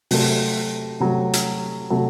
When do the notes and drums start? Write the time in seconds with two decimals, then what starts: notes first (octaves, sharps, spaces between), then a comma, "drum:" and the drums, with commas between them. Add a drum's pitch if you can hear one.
0.11 C3 F#3 A3, drum: open hi-hat
1.00 C3 F#3 A3
1.33 drum: hi-hat
1.90 C3 F#3 A3